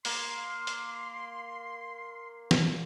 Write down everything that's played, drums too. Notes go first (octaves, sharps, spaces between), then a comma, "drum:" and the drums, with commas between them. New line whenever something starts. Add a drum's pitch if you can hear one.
A#3 C6, drum: open hi-hat
drum: hi-hat
drum: snare